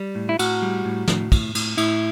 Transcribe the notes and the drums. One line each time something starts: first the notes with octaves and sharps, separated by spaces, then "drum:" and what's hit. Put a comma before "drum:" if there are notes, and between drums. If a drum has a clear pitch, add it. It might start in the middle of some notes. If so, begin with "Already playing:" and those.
Already playing: G3
A2
E4
A2 F#4, drum: cymbal
G3
A2
A2, drum: snare
A2, drum: kick, cymbal
A2, drum: cymbal
A2 E4, drum: cymbal